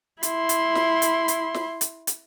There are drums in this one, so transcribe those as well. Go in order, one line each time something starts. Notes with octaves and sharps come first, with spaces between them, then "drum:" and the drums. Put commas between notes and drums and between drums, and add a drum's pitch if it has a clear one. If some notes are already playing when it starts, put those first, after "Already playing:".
E4 C6, drum: hi-hat
drum: hi-hat
drum: snare
drum: hi-hat
drum: hi-hat
drum: snare
drum: hi-hat
drum: hi-hat